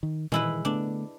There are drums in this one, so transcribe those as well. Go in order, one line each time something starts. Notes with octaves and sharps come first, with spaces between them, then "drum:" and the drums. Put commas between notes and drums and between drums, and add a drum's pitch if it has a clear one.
D#3
D#3 E3 G#3 E4 B4, drum: tom A#2
D3 A3 B3 D4